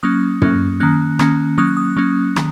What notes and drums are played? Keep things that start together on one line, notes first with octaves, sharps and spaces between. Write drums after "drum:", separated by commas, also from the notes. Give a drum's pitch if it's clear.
F#3 A#3 C#4 D#6
F#3 A#3 C#4, drum: tom
D#3 A#3 C#4 F#6
D#3 A#3 C#4, drum: rim click
F#3 A#3 C#4 D#6
F#6
D#6
F#3 A#3 C#4
D#3, drum: rim click